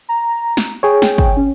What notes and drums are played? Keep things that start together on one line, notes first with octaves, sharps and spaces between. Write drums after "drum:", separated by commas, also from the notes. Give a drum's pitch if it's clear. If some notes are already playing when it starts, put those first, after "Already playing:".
A#5
drum: snare
G#4 C#5 G5
G5, drum: snare
drum: kick
C#4